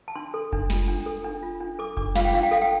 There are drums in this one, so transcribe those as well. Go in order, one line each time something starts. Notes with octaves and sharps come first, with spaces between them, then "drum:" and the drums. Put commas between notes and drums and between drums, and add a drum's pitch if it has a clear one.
A5
D4 C6
A4
D4, drum: kick F#1
F4, drum: snare
D4
A4
D4
F4
D4
A4 D6
D4 D6, drum: kick F#1
F4 F5, drum: snare
G5
D4 F5
G5
A4 F5
G5